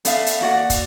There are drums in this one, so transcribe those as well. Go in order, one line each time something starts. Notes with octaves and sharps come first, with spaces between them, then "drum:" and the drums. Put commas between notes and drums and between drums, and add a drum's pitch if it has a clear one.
A3 B3 D5 E5 F5, drum: hi-hat
drum: hi-hat
A#3 F#4 D5 F#5
drum: kick, hi-hat